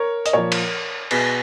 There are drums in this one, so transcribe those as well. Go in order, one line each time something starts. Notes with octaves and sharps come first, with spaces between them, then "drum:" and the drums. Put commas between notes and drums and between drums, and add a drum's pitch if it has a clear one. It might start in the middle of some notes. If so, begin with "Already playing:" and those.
Already playing: A#4 C#5
D#5, drum: hi-hat
A#2 F3 A#4 C#5
drum: cymbal
B2 G#4 B4, drum: cymbal